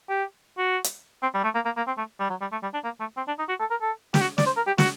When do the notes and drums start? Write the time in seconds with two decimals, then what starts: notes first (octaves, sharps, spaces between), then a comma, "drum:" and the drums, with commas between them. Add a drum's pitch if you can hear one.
0.09 G4
0.58 F#4
0.84 drum: hi-hat
1.22 C4
1.34 G3
1.44 A3
1.55 A#3
1.65 A#3
1.77 A#3
1.87 C4
1.98 A3
2.20 G3
2.30 F#3
2.41 G3
2.52 A3
2.63 G3
2.74 D4
2.84 A#3
3.00 A3
3.17 C4
3.28 D4
3.39 D#4
3.49 F#4
3.60 A4
3.71 A#4
3.81 A4
4.14 G4, drum: snare
4.22 F#4
4.38 D5, drum: snare
4.46 C5
4.57 A#4
4.67 G4
4.78 F#4, drum: snare